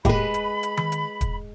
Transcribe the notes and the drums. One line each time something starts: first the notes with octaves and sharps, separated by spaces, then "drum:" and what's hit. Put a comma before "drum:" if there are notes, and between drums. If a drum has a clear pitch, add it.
A2 G#3 A#3 G4 B4 B5, drum: kick, hi-hat
drum: hi-hat
drum: hi-hat
drum: tom D#3
drum: hi-hat
drum: kick, hi-hat